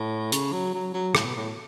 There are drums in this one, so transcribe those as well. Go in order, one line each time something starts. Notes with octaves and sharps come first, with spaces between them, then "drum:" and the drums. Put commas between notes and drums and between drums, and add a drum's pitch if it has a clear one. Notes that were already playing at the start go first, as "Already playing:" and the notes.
Already playing: A2
C#3, drum: hi-hat
F#3
F#3
F#3
A2, drum: rim click
B2
A2